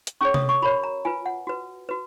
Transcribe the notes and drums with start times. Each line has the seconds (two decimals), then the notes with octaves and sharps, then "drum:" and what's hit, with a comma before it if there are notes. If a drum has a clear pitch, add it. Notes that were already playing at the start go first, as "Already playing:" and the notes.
0.07 drum: hi-hat
0.21 C#4 G#4 C#5 C#6
0.34 D#6, drum: tom C3
0.49 C#6
0.62 F#4 A#4 C#5 B5
0.84 A#5
1.05 F4 B4 G#5
1.26 F#5
1.47 F#4 B4
1.89 F#4 B4